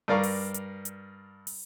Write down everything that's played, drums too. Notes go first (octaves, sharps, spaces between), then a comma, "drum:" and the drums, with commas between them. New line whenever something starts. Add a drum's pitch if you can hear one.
G2 A#4 D5 F5 A#5 C#6
drum: open hi-hat
drum: hi-hat
drum: hi-hat
drum: open hi-hat